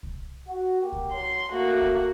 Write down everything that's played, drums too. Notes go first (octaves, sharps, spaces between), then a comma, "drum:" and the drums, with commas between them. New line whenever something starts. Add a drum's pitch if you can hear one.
drum: kick C2
F#4
A#3 G4
drum: kick C2
F#3 C6
A3 A#3 F#4
drum: kick C2